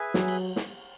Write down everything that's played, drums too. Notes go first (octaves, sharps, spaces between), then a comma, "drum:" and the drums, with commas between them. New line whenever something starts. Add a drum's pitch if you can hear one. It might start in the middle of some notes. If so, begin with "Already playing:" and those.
Already playing: G#4 B4 E5 G#5
F#3, drum: snare
drum: cymbal
drum: snare